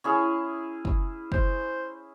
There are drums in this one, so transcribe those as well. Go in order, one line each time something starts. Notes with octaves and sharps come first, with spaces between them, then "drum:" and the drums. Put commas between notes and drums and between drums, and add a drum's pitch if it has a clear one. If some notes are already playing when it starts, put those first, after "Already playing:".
C#4 E4 G#4
drum: kick
C5, drum: kick